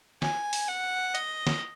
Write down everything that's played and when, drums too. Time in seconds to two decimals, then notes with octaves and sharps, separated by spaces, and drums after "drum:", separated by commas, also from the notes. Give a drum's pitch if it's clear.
0.22 G#5, drum: snare
0.53 drum: open hi-hat
0.68 F#5
1.15 D#5, drum: hi-hat
1.47 drum: snare